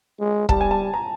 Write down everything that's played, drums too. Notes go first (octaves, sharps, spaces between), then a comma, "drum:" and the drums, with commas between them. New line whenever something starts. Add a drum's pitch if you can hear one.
G#3
G3 A5, drum: kick
G#5
A5
A#5